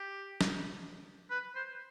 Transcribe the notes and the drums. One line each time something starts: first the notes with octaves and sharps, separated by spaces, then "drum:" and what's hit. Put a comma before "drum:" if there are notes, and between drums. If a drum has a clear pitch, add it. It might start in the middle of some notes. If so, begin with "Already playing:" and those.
Already playing: G4
drum: snare
B4
C5